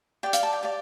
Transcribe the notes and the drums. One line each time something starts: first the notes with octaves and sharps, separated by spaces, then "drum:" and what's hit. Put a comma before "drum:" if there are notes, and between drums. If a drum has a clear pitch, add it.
G4 D5 G5
F5, drum: hi-hat
A5
G5
G4 D5 F5